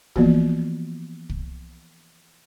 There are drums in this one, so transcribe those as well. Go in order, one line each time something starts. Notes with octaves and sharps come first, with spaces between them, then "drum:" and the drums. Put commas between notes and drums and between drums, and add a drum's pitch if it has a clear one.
E3 F3 A#3 B3 F4 F#4, drum: kick
drum: kick